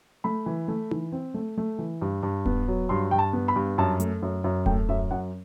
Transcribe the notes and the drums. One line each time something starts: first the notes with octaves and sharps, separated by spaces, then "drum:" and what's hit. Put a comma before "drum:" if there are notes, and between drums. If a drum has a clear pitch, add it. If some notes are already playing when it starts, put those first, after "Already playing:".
A3 B5
E3
A3
E3, drum: tom D#4
C4
A3
A3
E3
G2
G2
B3, drum: kick D#1
F#3
G2 C6
G2 G5
A5
B3
B5
G2
F#2 A5
A3, drum: hi-hat
F#2
F#2
A3 G5, drum: kick D#1
F#2 E5
F#2 F#5